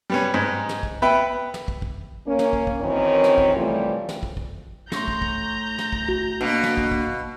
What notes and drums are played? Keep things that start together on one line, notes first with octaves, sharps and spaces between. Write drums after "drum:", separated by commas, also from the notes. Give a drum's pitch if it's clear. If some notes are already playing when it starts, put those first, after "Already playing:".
G3 B3 C#4
G#2
drum: snare
drum: kick
B3 B4 E5 G5
drum: snare
drum: kick
drum: kick
A#3 C#4
drum: snare
drum: kick
drum: kick
F#2 D#3 E3 C4 C#4 C#5
drum: snare
drum: kick
C3 E3 F3 G3 A3 F4
drum: snare
drum: kick
drum: kick
A2 A#5 C6 C#6 G6 A#6, drum: snare
drum: kick
drum: kick
drum: snare
drum: kick
F#4, drum: kick
B2 D3 A#3 F5
drum: snare
drum: kick
drum: kick